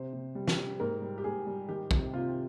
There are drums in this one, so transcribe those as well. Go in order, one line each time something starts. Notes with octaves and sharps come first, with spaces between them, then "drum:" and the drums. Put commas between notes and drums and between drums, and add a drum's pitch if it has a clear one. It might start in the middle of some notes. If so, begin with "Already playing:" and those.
Already playing: C3 C5
C3
G3
drum: snare
G3
G#2 A#4
G3
G4
G#2 G#4
G3
D#3 G4
C3, drum: kick
C3 F4